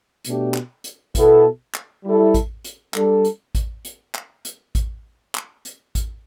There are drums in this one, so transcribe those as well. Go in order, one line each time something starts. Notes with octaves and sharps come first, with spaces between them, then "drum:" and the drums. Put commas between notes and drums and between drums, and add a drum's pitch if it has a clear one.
B2 A3 D4 G4, drum: hi-hat
drum: clap
drum: hi-hat
B2 B3 E4 A4, drum: kick A1, hi-hat
drum: clap
G3 E4 A4
drum: kick A1, hi-hat
drum: hi-hat
G3 D4 A4, drum: clap
drum: hi-hat
drum: kick A1, hi-hat
drum: hi-hat
drum: clap
drum: hi-hat
drum: kick A1, hi-hat
drum: clap
drum: hi-hat
drum: kick A1, hi-hat